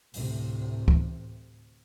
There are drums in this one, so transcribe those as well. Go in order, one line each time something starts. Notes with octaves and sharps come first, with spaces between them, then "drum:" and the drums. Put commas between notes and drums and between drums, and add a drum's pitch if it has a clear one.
D2 A2 C3, drum: open hi-hat
drum: kick C#2